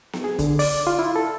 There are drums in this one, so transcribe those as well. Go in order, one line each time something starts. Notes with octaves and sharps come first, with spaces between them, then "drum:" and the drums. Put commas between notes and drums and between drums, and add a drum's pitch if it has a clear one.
drum: snare B3
G#4
D3, drum: kick, hi-hat
D5, drum: open hi-hat
F4
E4
A4